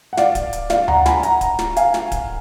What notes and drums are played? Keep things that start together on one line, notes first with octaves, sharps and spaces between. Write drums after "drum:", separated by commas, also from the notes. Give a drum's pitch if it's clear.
F#5
D5 F5, drum: snare
drum: kick D1, hi-hat
drum: hi-hat
D5 F5, drum: snare
F#5 A#5, drum: tom D2
G#5 B5, drum: snare
F#5 A#5, drum: hi-hat
drum: kick D1, hi-hat
drum: snare
F5 G#5, drum: hi-hat
drum: snare
drum: kick D1, hi-hat